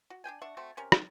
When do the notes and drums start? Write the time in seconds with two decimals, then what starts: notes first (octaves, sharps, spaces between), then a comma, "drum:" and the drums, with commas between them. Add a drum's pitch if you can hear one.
0.10 F#4
0.24 D4 G#4 G5 G#5
0.42 D4 E5 F#5 C#6
0.57 A3 C4 F#4
0.77 C3 C#4 A#4
0.92 C4 D5, drum: rim click